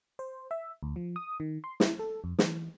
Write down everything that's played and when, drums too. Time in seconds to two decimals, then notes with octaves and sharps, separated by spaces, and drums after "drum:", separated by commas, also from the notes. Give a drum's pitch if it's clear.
0.19 C5
0.51 E5
0.83 D2
0.96 F3
1.16 D#6
1.40 D#3
1.64 C6
1.80 E4, drum: snare
1.99 A4
2.24 F2
2.39 E3, drum: snare